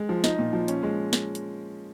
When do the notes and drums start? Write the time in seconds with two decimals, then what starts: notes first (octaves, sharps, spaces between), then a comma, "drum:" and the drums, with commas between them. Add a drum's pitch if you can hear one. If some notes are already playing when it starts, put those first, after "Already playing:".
Already playing: G#3
0.09 F3
0.24 D#4, drum: snare
0.39 A#2
0.53 F3
0.68 C#4, drum: hi-hat
0.83 G#3
1.13 drum: snare
1.35 drum: hi-hat